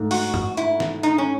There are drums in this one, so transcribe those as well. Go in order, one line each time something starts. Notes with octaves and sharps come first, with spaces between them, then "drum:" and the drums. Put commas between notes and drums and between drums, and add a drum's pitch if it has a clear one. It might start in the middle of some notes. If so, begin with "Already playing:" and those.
Already playing: G#2 A3
F#4, drum: open hi-hat
drum: tom
E4, drum: hi-hat
drum: snare
D#4, drum: hi-hat
C#4